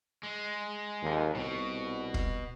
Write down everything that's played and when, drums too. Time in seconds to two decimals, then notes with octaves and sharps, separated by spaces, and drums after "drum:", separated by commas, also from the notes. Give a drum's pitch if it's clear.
0.23 G#3
1.02 D#2
1.35 C2 B2
2.14 drum: kick